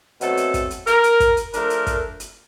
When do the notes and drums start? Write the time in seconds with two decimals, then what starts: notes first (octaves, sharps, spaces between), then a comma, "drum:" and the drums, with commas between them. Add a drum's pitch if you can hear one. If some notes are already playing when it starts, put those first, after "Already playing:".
0.21 B2 F#3 A3 C4 A4, drum: hi-hat
0.37 drum: hi-hat
0.54 drum: kick, hi-hat
0.70 drum: hi-hat
0.87 A#4, drum: hi-hat
1.04 drum: hi-hat
1.20 drum: kick, hi-hat
1.37 drum: hi-hat
1.53 F3 A3 D4 A#4, drum: hi-hat
1.70 drum: hi-hat
1.87 drum: kick, hi-hat
2.20 drum: hi-hat